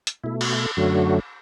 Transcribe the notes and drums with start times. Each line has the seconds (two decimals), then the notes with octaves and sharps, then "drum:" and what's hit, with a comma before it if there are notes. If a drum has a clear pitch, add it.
0.07 drum: hi-hat
0.24 B2 A3 E4
0.41 F#4, drum: cymbal
0.59 A4
0.77 F#2 D3 F#3 A3 F#4